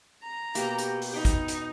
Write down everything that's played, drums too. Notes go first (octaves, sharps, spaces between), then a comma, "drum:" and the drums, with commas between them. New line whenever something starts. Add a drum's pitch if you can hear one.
A#5
B2 A#3 G4, drum: hi-hat
drum: hi-hat
drum: open hi-hat
D#4 G5 B5
drum: kick G#1, hi-hat
drum: hi-hat